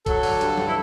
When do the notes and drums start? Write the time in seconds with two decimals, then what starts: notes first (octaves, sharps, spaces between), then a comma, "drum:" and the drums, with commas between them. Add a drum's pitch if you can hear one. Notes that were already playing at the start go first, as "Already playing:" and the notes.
0.06 F#3 A4, drum: kick, hi-hat
0.23 D3, drum: open hi-hat
0.41 G2, drum: hi-hat
0.58 G2, drum: snare
0.67 E4